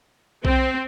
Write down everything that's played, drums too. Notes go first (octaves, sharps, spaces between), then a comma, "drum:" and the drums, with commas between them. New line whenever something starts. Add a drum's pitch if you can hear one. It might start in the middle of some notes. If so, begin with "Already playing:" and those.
C4, drum: kick B1